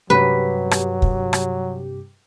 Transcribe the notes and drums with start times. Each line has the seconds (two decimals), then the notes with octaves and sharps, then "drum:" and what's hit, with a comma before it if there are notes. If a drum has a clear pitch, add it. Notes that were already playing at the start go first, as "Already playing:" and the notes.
0.10 G2 C3 F#3 G4 B4
0.71 drum: rim click
1.02 drum: kick
1.33 drum: rim click